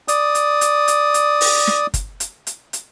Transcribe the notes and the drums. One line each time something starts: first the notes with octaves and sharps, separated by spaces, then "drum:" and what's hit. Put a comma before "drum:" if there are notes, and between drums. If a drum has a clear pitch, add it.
D5 D#6, drum: hi-hat
drum: hi-hat
drum: hi-hat
drum: hi-hat
drum: hi-hat
drum: open hi-hat
drum: snare
drum: kick, hi-hat
drum: hi-hat
drum: hi-hat
drum: hi-hat